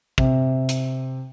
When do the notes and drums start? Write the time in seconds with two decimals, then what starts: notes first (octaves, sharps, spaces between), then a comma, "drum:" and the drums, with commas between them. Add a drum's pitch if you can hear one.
0.18 C3, drum: kick
0.69 drum: hi-hat